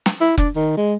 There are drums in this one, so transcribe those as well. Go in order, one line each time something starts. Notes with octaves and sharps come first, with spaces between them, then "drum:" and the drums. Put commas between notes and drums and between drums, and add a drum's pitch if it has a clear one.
drum: snare
E4
D4, drum: kick F1
D#3
G#3